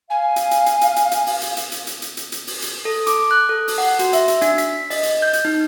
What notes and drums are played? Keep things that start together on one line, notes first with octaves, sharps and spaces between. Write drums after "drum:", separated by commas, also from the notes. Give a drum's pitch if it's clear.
F5 G#5
drum: hi-hat
drum: hi-hat
drum: hi-hat
drum: hi-hat
drum: hi-hat
drum: hi-hat
drum: open hi-hat
drum: hi-hat
drum: hi-hat
drum: hi-hat
drum: hi-hat
drum: hi-hat
drum: hi-hat
drum: hi-hat
drum: open hi-hat
drum: hi-hat
A4
D6, drum: hi-hat
F#6
A4
drum: open hi-hat
F#5
F#4, drum: hi-hat
E5, drum: hi-hat
drum: hi-hat
D4, drum: hi-hat
B6, drum: hi-hat
D#5, drum: open hi-hat
drum: hi-hat
G6
drum: hi-hat
D#4